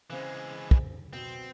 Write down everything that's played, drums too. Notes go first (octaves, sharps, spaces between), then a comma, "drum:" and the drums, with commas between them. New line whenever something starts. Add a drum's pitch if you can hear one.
C#3 E3 G#3 C4
drum: kick
B2 C4